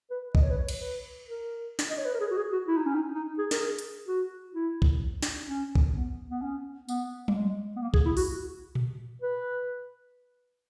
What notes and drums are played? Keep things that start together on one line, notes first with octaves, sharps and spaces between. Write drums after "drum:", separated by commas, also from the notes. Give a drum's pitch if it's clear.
B4
D#5, drum: kick B1
C#5
B4
C#5
drum: cymbal
B4
A#4
drum: snare
D#5
C#5
B4
A#4
G#4
F#4
G#4
F#4
E4
D#4
C#4
D#4
D#4
G#4
A#4, drum: snare
G#4
drum: hi-hat
F#4
E4
drum: kick B1
drum: snare
C#4
drum: kick B1
B3
B3
C#4
B3, drum: tambourine
A#3, drum: tom F#3
G#3
B3
A#3
G#4, drum: kick B1
E4
F#4, drum: open hi-hat
drum: tom A#2
B4